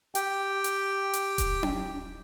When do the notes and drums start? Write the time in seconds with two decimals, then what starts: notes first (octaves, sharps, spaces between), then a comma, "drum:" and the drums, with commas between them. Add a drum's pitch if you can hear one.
0.15 G4 G5, drum: hi-hat
0.64 drum: hi-hat
1.13 drum: hi-hat
1.38 drum: kick D#1, hi-hat
1.63 drum: tom C#4